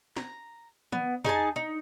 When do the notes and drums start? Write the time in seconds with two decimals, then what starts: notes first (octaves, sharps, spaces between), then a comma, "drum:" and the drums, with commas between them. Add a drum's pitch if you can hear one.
0.17 A#5, drum: snare
0.92 B3, drum: tom
1.25 D#4 G#4 G#5 A5, drum: tom
1.56 D#4